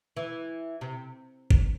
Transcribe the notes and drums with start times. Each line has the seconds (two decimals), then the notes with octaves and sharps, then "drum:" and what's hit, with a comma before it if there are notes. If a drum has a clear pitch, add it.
0.17 E3
0.81 C3
1.51 drum: kick G1